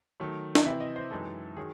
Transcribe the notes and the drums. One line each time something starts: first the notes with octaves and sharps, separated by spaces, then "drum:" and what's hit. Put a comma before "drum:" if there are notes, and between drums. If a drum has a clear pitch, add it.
D#3 F#3 A3
drum: snare
C3 E3 C4 E4 E5
D#5
C5
F#2 E3 G#3 D#4 A4
D#3 F#3 G#4